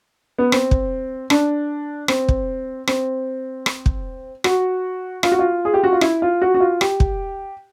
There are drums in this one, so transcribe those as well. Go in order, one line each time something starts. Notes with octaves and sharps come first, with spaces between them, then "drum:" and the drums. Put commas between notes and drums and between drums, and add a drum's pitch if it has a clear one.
B3
C4, drum: rim click
drum: kick
D4, drum: rim click
C4, drum: rim click
drum: kick
C4, drum: rim click
drum: rim click
drum: kick
F#4, drum: rim click
F4, drum: rim click
F#4
F4
G#4
G4
F#4
F4
E4, drum: rim click
F4
F#4
F#4
F4
G4, drum: rim click
drum: kick